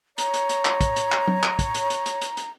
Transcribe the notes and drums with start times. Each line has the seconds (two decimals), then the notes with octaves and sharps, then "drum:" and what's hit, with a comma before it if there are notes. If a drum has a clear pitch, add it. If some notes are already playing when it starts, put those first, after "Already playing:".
0.18 C#5 A#5, drum: hi-hat
0.34 drum: hi-hat
0.49 drum: hi-hat
0.65 drum: clap
0.81 drum: kick, hi-hat
0.96 drum: hi-hat
1.12 drum: clap
1.28 drum: tom F#3
1.43 drum: clap
1.59 drum: kick, hi-hat
1.74 drum: hi-hat
1.90 drum: hi-hat
2.06 drum: hi-hat
2.21 drum: hi-hat
2.37 drum: hi-hat